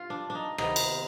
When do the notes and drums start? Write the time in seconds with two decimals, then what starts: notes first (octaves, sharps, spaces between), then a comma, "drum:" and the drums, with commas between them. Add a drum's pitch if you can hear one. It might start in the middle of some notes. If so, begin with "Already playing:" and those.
Already playing: G2 F4
0.10 D4
0.30 D4
0.35 D#4
0.58 C3 D#3 B3 D#4, drum: rim click
0.76 drum: cymbal